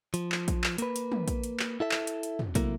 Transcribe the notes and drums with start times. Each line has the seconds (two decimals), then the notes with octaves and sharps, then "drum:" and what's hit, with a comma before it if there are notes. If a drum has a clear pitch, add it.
0.14 F3, drum: hi-hat
0.32 drum: clap
0.48 drum: kick A#1, hi-hat
0.64 drum: clap
0.78 A#3 B4, drum: hi-hat
0.96 drum: hi-hat
1.12 drum: tom
1.28 drum: kick A#1, hi-hat
1.44 drum: hi-hat
1.59 drum: clap
1.80 E4 A4 E5
1.91 drum: clap
2.07 drum: hi-hat
2.23 drum: hi-hat
2.39 drum: tom
2.55 C3 F#3 A3 A#3 E4, drum: kick A#1, hi-hat